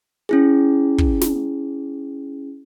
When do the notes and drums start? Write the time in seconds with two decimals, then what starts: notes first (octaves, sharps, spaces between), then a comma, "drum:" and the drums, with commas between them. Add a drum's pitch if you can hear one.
0.29 C#4 E4 G#4
0.98 drum: kick
1.21 drum: snare